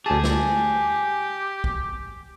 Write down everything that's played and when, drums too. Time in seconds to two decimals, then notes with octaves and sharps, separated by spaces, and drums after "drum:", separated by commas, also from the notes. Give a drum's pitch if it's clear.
0.06 D2 G4 G#4 A5
0.23 drum: snare
1.64 drum: kick A#1